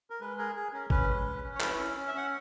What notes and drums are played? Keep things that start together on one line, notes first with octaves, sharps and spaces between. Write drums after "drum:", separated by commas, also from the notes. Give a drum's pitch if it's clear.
A#4
G#3 B4
G#4 A#4
G#4
C#4 A#4
C#4 B4, drum: kick G#1
G#3
C#4
C#4
C#5
E4 B4, drum: clap
C#4
C#4
E5
C#4 F#5